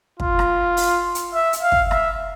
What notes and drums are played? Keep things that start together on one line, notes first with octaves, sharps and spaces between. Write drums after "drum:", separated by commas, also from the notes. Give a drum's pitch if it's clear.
F4, drum: kick
drum: rim click
drum: open hi-hat
drum: hi-hat
E5
drum: hi-hat
F5
drum: kick
E5, drum: rim click